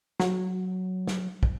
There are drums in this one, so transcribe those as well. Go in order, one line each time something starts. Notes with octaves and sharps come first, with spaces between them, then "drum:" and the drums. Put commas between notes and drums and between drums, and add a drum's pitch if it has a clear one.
F#3, drum: snare
drum: snare
drum: kick